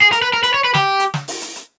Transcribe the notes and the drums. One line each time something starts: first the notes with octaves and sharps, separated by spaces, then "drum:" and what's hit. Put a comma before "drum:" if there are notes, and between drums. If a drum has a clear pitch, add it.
G#4
A#4, drum: hi-hat
B4
A#4
B4, drum: hi-hat
C#5
B4
G4, drum: snare
drum: hi-hat
drum: snare
drum: open hi-hat
drum: hi-hat
drum: hi-hat